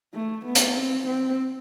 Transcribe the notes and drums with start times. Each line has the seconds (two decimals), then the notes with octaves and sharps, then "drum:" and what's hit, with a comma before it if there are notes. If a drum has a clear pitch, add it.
0.14 A3
0.45 B3
0.55 drum: hi-hat
0.75 C4
1.06 C4